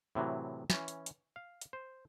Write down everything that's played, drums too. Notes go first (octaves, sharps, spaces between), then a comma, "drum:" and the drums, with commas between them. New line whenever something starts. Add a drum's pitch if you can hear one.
A2 C3 E3 F#3
E3 C#4, drum: snare
drum: hi-hat
drum: hi-hat
F5
drum: hi-hat
C5